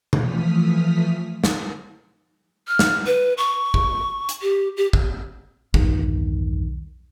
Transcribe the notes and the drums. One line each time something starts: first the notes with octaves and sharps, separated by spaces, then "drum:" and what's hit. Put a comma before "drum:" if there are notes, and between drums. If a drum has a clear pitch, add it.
E3 F3 A3 D#6 F6 B6, drum: tom B2
drum: snare
F6
drum: snare
B4
C#6
drum: kick
drum: hi-hat
G4
G4
drum: kick
B1 E2 G2 D#3, drum: kick